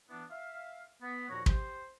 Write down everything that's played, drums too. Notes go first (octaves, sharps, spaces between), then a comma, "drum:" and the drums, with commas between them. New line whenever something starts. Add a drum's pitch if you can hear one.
E3 B3 D4
E5 F5
B3
D#2 A#2 F3 F#4 C#5 A#5
G4 C5 C6, drum: kick